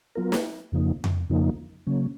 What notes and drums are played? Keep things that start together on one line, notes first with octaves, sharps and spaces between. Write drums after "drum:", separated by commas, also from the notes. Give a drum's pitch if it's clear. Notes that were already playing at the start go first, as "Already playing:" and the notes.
F#3 B3 F4 A#4
drum: snare
F2 C#3 F3 A#3 D#4
drum: tom F2
F2 C#3 F3 A#3 D#4
C#3 F#3 A#3 C#4